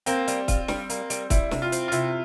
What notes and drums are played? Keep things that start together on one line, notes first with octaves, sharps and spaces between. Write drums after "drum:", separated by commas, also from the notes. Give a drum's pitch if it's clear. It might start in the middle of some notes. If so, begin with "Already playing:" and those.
A#3 C4, drum: hi-hat
G3, drum: hi-hat
F4, drum: kick, hi-hat
G3, drum: snare
A#3, drum: hi-hat
G3, drum: hi-hat
G3 E4, drum: kick, hi-hat
C3, drum: snare
F4
C4, drum: hi-hat
F4
C3 E4, drum: hi-hat